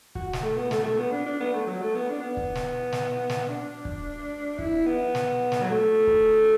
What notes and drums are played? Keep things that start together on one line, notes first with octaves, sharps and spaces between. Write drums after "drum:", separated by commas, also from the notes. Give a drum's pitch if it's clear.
F#4, drum: kick
drum: snare
A3
B3
A3, drum: snare
A3
B3
D4
D4
B3
A3
F#3
A3
B3
D4
B3
drum: kick
drum: snare
drum: snare
drum: snare
D4
drum: kick
E4, drum: kick
B3
drum: snare
drum: snare
F#3
A3
drum: kick